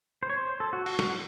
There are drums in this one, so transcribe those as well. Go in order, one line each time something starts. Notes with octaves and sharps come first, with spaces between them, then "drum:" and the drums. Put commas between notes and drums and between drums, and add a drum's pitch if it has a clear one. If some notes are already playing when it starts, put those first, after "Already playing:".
C5
C#5
C5
A4
F#4
F#4, drum: cymbal
F#4, drum: snare